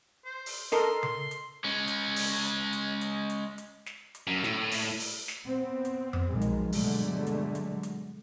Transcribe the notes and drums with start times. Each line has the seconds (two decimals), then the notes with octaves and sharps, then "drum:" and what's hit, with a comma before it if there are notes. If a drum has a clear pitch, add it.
0.25 C5
0.46 drum: open hi-hat
0.72 A4 A#4 D#5 C6, drum: snare
1.03 C6, drum: tom C#3
1.31 drum: hi-hat
1.64 G#3 C#4
1.88 drum: hi-hat
2.16 drum: open hi-hat
2.45 drum: hi-hat
2.73 drum: hi-hat
3.01 drum: hi-hat
3.30 drum: hi-hat
3.58 drum: hi-hat
3.86 drum: snare
4.15 drum: hi-hat
4.27 F#2
4.44 A2, drum: snare
4.71 drum: open hi-hat
5.00 drum: open hi-hat
5.28 drum: snare
5.47 B3 C4
5.85 drum: hi-hat
6.13 drum: tom F2
6.30 B1 D#3 F3 G#3
6.42 drum: hi-hat
6.72 G2 B2 D3 F#3 G#3 A3, drum: open hi-hat
7.27 drum: hi-hat
7.55 drum: hi-hat
7.83 drum: hi-hat